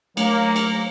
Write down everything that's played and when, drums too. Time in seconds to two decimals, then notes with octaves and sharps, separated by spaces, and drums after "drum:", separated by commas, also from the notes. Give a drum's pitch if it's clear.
0.17 F#3 A3 A#3, drum: cymbal
0.56 drum: cymbal